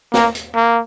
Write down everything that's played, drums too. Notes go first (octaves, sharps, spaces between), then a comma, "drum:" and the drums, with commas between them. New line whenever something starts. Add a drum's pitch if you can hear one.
A#3, drum: snare
drum: hi-hat
A#3